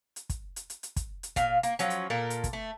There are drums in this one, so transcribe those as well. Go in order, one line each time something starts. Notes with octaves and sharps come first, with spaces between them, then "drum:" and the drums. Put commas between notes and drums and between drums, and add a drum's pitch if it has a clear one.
drum: hi-hat
drum: kick, hi-hat
drum: hi-hat
drum: hi-hat
drum: hi-hat
drum: kick, hi-hat
drum: hi-hat
A#2 F5, drum: kick, hi-hat
A#3, drum: hi-hat
F3 F#3 C#4, drum: hi-hat
drum: hi-hat
A#2 A4 A#4
drum: hi-hat
drum: kick, hi-hat
A3